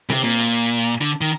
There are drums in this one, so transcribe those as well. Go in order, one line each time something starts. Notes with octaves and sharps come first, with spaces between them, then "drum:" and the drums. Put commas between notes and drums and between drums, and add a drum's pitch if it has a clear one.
C3, drum: snare C4
A#2
drum: hi-hat
D3
D#3